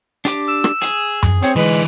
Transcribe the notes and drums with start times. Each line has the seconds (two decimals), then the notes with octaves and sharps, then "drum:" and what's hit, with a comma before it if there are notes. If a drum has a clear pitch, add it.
0.25 D4 G4 D6, drum: hi-hat
0.48 E6
0.64 drum: rim click
0.82 G#4, drum: hi-hat
1.23 drum: tom F#2
1.42 C4 C#5, drum: hi-hat
1.56 D3 E3 G#3 B4